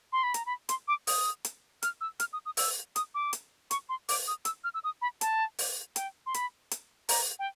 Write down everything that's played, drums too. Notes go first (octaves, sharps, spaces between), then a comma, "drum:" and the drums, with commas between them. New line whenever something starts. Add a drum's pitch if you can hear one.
C6
B5
A#5, drum: hi-hat
B5
C6, drum: hi-hat
D6
D#6, drum: open hi-hat
drum: hi-hat
F6, drum: hi-hat
E6
F6, drum: hi-hat
D#6
D#6
E6, drum: open hi-hat
D#6, drum: hi-hat
D6
drum: hi-hat
C#6, drum: hi-hat
C6
D6, drum: open hi-hat
D#6
E6, drum: hi-hat
F6
E6
D#6
B5
A5, drum: hi-hat
drum: open hi-hat
G5, drum: hi-hat
C6
B5, drum: hi-hat
drum: hi-hat
A#5, drum: open hi-hat
G5